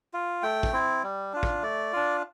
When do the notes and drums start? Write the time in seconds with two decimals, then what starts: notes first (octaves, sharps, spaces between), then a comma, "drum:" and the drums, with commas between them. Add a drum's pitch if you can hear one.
0.13 F4
0.43 A3 G5
0.63 drum: kick
0.73 C4 E4
1.03 G3
1.33 D4 F4
1.43 drum: kick
1.62 A3 D5
1.93 D4 F4